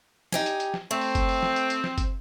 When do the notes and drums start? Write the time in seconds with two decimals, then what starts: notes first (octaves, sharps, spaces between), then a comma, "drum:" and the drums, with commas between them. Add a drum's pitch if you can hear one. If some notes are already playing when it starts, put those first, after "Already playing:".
0.32 D#4 G4 G#5, drum: snare
0.46 drum: hi-hat
0.60 drum: hi-hat
0.74 drum: snare
0.91 A3 C4
1.01 drum: open hi-hat
1.15 drum: kick F#1, hi-hat
1.29 drum: open hi-hat
1.43 drum: snare
1.56 drum: hi-hat
1.70 drum: hi-hat
1.84 drum: snare
1.98 drum: kick F#1, hi-hat